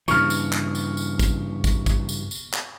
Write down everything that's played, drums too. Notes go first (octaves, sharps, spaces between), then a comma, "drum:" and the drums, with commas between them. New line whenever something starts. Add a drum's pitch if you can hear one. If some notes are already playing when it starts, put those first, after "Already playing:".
G2 C#3 E3 C#6 F6, drum: tambourine
drum: tambourine
drum: clap
drum: tambourine
drum: tambourine
drum: kick, tambourine
drum: kick, tambourine
drum: kick, tambourine
drum: tambourine
drum: tambourine
drum: clap